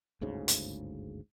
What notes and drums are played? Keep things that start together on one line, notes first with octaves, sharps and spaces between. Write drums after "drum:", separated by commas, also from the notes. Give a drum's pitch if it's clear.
G1 D2 G#2 C#3
drum: hi-hat